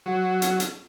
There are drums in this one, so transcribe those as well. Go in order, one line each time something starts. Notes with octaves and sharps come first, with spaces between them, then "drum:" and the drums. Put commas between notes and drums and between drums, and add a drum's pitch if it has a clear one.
F#3
drum: hi-hat
drum: hi-hat